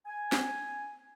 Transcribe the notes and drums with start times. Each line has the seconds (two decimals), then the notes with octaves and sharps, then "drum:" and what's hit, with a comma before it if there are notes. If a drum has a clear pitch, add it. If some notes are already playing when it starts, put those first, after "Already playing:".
0.06 G#5
0.32 drum: snare